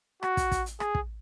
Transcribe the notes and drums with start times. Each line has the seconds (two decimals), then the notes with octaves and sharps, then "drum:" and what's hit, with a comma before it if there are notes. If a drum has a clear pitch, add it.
0.23 F#4, drum: rim click
0.37 drum: kick, hi-hat
0.52 drum: kick, hi-hat
0.66 drum: hi-hat
0.80 G#4, drum: rim click
0.95 drum: kick